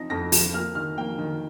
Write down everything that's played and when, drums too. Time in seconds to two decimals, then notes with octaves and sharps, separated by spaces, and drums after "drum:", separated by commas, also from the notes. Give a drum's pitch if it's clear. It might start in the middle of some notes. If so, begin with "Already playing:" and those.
Already playing: F3 C4 D#4 A#6
0.10 F2 A#6
0.32 F3, drum: open hi-hat
0.54 A#3 F6
0.75 D#3 F6
0.97 A#3 G5
1.18 D#3